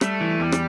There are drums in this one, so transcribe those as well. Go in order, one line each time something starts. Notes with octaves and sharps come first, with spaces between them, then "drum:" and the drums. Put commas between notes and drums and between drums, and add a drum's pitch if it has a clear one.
G3 A3, drum: rim click
E3
E2 G3
drum: rim click